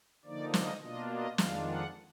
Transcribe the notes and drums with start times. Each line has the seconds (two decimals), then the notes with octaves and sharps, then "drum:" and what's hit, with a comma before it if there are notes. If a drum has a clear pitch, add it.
0.25 D3 F3 A#3 D#4 D5
0.54 D#5, drum: snare
0.81 B2 A#3 D4 F4 D#5
1.10 D#5
1.38 F2 D#3 G#3 D4 F4 F5, drum: snare
1.67 F#5